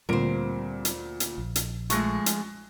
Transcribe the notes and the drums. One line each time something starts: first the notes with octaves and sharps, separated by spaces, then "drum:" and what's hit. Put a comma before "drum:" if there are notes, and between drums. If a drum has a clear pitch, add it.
D2 A#2 G3 B3 C4 A#4 C5 D7
drum: hi-hat
drum: hi-hat
A#1
drum: hi-hat
F3 G#3 A3 C#6 F#6 A#6, drum: hi-hat
drum: hi-hat